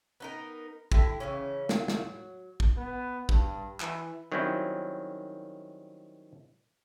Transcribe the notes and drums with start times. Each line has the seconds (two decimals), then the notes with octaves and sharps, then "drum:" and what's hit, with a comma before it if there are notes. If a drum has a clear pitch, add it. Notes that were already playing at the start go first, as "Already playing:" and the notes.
0.20 B3 D#4 A#4
0.92 D3 E4 G4, drum: kick
1.20 C#3 E3 C#4
1.69 F#3, drum: snare
1.88 drum: snare
2.60 drum: kick
2.77 B3
3.29 G2, drum: kick
3.80 E3, drum: clap
4.32 D#3 F#3 G3 C4 C#4 E4